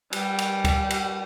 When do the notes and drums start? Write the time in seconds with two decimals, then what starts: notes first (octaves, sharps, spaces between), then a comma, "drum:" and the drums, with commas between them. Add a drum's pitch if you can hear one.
0.13 G3, drum: cymbal
0.38 drum: cymbal
0.64 drum: kick C#2, cymbal
0.90 drum: cymbal